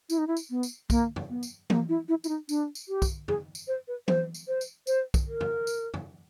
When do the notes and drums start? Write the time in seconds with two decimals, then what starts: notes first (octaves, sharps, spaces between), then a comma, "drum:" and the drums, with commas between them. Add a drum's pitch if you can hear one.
0.10 E4, drum: tambourine
0.18 D#4
0.27 E4
0.37 drum: tambourine
0.50 B3
0.63 drum: tambourine
0.90 A#3, drum: kick, tambourine
1.16 drum: tom
1.30 B3
1.43 drum: tambourine
1.70 A#3, drum: tom E3
1.89 E4
2.08 E4
2.24 E4, drum: tambourine
2.29 D#4
2.49 D4, drum: tambourine
2.75 drum: tambourine
2.89 G4
3.02 drum: kick, tambourine
3.28 G#4, drum: tom
3.55 drum: tambourine
3.68 C5
3.88 B4
4.08 C5, drum: tom E3
4.34 drum: tambourine
4.48 C5
4.61 drum: tambourine
4.87 C5, drum: tambourine
5.14 drum: kick, tambourine
5.28 A#4
5.41 drum: tom
5.67 drum: tambourine
5.94 drum: tom